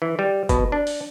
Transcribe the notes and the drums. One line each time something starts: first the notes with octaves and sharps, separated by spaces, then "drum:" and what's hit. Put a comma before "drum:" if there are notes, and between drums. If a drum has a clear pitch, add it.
E3
G3
B2, drum: kick F#1, hi-hat
D4
drum: open hi-hat